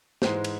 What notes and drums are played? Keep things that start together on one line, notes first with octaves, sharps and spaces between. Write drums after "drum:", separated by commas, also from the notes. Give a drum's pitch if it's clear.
G#2 E3 G#3 C5, drum: snare
drum: cymbal